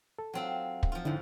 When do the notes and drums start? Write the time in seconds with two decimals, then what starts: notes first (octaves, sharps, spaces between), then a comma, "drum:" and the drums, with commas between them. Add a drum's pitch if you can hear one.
0.19 A4
0.34 F#3 C4 F4
0.83 drum: kick
0.92 F3 F4
1.05 F2 G#2 D3 E4